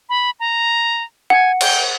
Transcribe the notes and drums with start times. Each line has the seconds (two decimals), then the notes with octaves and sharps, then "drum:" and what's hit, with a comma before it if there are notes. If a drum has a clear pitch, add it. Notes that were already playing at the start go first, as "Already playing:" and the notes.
0.09 B5
0.40 A#5
1.30 F#5 G#5
1.61 G5, drum: cymbal